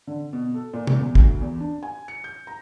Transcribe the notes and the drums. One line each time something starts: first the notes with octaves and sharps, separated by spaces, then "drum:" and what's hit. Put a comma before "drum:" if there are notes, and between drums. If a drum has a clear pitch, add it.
D3
B2
A4
A#2
drum: tom C3
E2
D2, drum: kick
E2
D4
G#5
C#7
G6
A#5